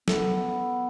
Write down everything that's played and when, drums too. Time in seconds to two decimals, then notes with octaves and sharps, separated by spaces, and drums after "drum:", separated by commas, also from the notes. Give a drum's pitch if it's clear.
0.08 B3 A4, drum: snare